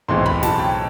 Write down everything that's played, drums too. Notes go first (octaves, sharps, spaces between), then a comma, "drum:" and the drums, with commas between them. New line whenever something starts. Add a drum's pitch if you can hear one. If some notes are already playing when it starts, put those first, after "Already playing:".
B1 A2 E3 G#3 C4 C6
B5, drum: kick
A5, drum: snare
G5